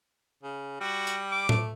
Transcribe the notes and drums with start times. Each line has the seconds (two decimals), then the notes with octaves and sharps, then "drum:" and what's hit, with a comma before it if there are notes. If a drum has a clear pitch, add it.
0.43 C#3
0.81 G3 F#4
1.07 drum: hi-hat
1.31 D6
1.49 A3, drum: tom A2